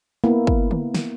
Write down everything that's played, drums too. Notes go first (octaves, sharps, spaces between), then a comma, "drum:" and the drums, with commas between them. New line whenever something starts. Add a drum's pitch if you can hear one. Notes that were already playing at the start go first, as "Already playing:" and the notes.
A#3 B3 E4
drum: kick
drum: tom
drum: snare